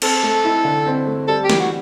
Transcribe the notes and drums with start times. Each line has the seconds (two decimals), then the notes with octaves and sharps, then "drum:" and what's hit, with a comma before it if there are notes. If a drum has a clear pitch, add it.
0.02 C4 A4, drum: cymbal
0.23 A3
0.44 E4
0.65 D3
0.86 C4
1.07 A3
1.28 G3 A4
1.44 G4
1.50 E3, drum: snare
1.60 F#4